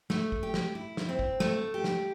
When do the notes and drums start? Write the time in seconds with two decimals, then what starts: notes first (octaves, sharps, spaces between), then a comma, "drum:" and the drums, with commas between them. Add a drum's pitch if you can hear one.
0.10 A3, drum: snare
0.32 drum: kick
0.43 G4
0.54 drum: snare
0.75 E4
0.97 drum: snare
1.09 C4
1.19 drum: kick
1.40 A3, drum: snare
1.74 G4
1.84 drum: snare